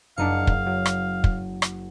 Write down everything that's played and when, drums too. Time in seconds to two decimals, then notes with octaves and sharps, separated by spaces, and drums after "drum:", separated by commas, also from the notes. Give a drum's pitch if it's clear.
0.18 F#1 D4 D#4 F5 C#7
0.47 drum: kick
0.66 F#3
0.86 drum: rim click
1.24 drum: kick
1.62 drum: rim click